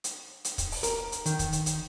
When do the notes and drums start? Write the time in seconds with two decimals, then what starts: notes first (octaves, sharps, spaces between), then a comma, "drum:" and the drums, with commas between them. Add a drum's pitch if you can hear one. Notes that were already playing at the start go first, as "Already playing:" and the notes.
0.04 drum: hi-hat
0.45 drum: hi-hat
0.58 drum: kick, hi-hat
0.72 drum: open hi-hat
0.83 A#4, drum: hi-hat
1.12 drum: hi-hat
1.26 D#3, drum: hi-hat
1.39 drum: kick, hi-hat
1.53 drum: hi-hat
1.66 drum: hi-hat